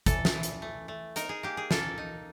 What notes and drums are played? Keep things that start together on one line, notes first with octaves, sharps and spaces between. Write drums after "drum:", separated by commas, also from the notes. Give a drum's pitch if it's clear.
E3 A4, drum: kick, hi-hat
drum: snare
E3
drum: hi-hat
A3
A3
D#4 A#4, drum: hi-hat
G#4
A#3 G4
G#4
A#3 A4, drum: snare
D#4